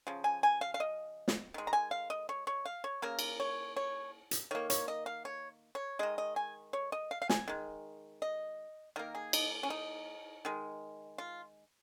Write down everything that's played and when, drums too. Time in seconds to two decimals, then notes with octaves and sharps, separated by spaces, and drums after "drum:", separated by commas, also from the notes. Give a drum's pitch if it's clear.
0.07 C#3 F3
0.24 G#5
0.43 G#5
0.61 F5
0.74 F5
0.80 D#5
1.28 drum: snare
1.54 D#3 G#3
1.67 A#5
1.73 G#5
1.91 F5
2.10 D#5
2.29 C#5
2.47 C#5
2.65 F5
2.84 C#5
3.02 C#3 A#3 A#4
3.19 drum: cymbal
3.40 C#5
3.77 C#5
4.31 drum: hi-hat
4.51 D#3 A#3 C#5
4.70 C#5, drum: hi-hat
4.88 D#5
5.06 F5
5.25 C#5
5.75 C#5
5.99 D#3 G#3 D#5
6.18 D#5
6.36 G#5
6.73 C#5
6.92 D#5
7.11 F5
7.22 F5
7.29 G#5, drum: snare
7.48 D#3 G#3
8.22 D#5
8.96 D#3 A#3 A#4
9.15 G#4
9.33 D#4, drum: cymbal
9.63 C#4
9.70 D#4
10.45 D#3 G#3
11.18 F4